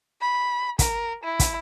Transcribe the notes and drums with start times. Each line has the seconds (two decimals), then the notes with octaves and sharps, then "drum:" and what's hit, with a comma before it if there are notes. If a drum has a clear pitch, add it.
0.21 B5
0.79 A#4, drum: kick, hi-hat
1.23 E4
1.40 drum: kick, hi-hat